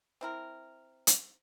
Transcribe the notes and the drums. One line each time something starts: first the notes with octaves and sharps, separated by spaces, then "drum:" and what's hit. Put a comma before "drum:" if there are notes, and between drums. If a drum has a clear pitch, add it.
C4 E4 A#4
drum: hi-hat